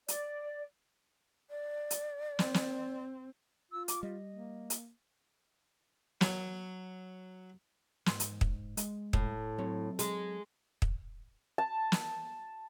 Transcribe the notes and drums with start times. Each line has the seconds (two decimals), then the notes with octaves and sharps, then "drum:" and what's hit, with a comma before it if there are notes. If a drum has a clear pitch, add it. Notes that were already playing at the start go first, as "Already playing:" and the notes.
0.08 D5, drum: hi-hat
1.50 D5
1.90 drum: hi-hat
2.39 C4, drum: snare
2.54 drum: snare
3.72 F4 E6
3.88 D6, drum: hi-hat
4.03 G3 D#5
4.32 A#3
4.70 drum: hi-hat
6.21 F#3, drum: snare
8.06 G#2 C6, drum: snare
8.20 drum: hi-hat
8.41 drum: kick
8.77 G#3, drum: hi-hat
9.13 A2, drum: kick
9.58 F#3 C4 C#5
9.99 G#3, drum: hi-hat
10.82 drum: kick
11.58 A5
11.92 drum: snare